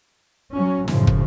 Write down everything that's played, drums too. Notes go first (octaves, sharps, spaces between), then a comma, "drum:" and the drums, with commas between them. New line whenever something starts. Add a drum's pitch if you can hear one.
F#3 C#4
F#2 A2 C#3 F3, drum: snare
drum: kick